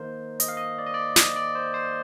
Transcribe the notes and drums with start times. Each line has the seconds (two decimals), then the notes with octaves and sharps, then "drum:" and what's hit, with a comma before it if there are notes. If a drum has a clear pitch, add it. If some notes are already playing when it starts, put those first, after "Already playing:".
Already playing: D#3 A#3 D#4 A#4 C5
0.40 D#5, drum: hi-hat
0.48 F5
0.57 D#5
0.78 D5
0.86 D#5
0.94 D5
1.16 D#5, drum: snare
1.36 D5
1.55 C5
1.74 C5